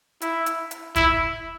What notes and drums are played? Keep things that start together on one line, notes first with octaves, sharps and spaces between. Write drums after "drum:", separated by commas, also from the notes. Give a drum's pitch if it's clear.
E4, drum: hi-hat
drum: hi-hat
drum: hi-hat
E4, drum: kick F1, hi-hat